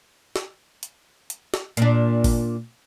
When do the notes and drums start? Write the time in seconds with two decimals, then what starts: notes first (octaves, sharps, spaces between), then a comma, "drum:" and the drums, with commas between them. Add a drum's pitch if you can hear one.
0.36 drum: snare
0.83 drum: hi-hat
1.30 drum: hi-hat
1.54 drum: snare
1.77 A#2 D4, drum: hi-hat
2.24 drum: kick G#1, open hi-hat